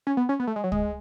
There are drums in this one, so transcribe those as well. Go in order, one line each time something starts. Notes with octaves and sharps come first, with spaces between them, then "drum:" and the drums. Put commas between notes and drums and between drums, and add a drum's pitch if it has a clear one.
C#4
B3
C#4
B3
A3
G#3
F#3
G#3, drum: kick